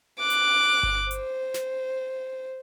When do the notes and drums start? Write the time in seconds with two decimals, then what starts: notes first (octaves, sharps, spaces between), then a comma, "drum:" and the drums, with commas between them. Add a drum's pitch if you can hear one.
0.19 D6 F#6
0.30 drum: hi-hat
0.83 drum: kick G1
1.11 C5, drum: hi-hat
1.54 drum: snare